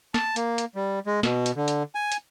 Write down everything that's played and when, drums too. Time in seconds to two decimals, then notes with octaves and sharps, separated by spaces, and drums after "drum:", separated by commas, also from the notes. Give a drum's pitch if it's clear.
0.14 A5, drum: snare
0.36 A#3, drum: hi-hat
0.58 drum: hi-hat
0.75 G3
1.07 G#3
1.23 B2, drum: snare
1.46 drum: hi-hat
1.56 D3
1.68 drum: hi-hat
1.95 G#5
2.12 drum: hi-hat